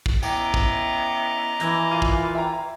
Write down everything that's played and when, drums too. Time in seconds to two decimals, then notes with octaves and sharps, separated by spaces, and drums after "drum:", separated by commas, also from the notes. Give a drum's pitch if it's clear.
0.06 drum: kick
0.23 B3 C#4 E4 D#5 G5 A#5 D6, drum: tambourine
0.54 drum: kick
1.60 E3 E6 G#6 A#6, drum: hi-hat
1.92 A#2 F4 D#7
2.02 drum: kick
2.35 E5 G5 A#5